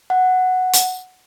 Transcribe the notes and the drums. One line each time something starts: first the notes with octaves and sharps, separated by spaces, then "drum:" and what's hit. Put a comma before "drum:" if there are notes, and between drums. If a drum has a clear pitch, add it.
F#5
drum: hi-hat